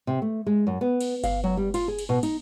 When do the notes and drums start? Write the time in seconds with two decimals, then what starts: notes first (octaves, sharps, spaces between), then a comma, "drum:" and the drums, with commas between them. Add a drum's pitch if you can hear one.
0.07 C3
0.22 A3
0.47 G#3
0.67 F#2
0.81 B3
1.01 drum: cymbal
1.24 F5, drum: kick G1, cymbal
1.44 F#3
1.57 G3
1.74 F4, drum: cymbal
1.88 G#4
1.99 drum: cymbal
2.09 B2
2.23 D#4, drum: cymbal